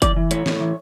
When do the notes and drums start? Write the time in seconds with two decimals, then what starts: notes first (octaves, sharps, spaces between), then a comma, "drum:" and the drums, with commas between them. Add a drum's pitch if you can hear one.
0.02 E3 D5, drum: kick, hi-hat
0.16 E3
0.31 A2 C#5, drum: hi-hat
0.46 A2, drum: snare
0.60 E3